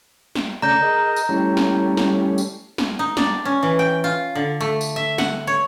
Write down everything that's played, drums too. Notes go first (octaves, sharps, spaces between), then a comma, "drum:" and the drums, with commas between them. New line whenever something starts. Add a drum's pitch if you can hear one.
drum: snare
C#3 A3 D5 A#5 G6
G#4 A#4 D#5
drum: tambourine
G3 A3 C#4 E4
drum: snare
drum: snare
drum: tambourine
drum: snare
D#4
D4, drum: snare
C#4
E3
G5
F4
D3
A3
drum: tambourine
E5
F#5, drum: snare
C#5